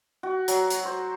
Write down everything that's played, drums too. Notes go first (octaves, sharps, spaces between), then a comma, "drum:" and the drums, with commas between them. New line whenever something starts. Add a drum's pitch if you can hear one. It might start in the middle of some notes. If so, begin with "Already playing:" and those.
F#4
F#3, drum: hi-hat
drum: hi-hat
C5